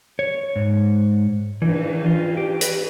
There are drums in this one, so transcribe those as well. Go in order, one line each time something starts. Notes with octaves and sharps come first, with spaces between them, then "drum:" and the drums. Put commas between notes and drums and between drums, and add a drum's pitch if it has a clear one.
C#5
G#2
E3, drum: cymbal
F4
G4
B4, drum: hi-hat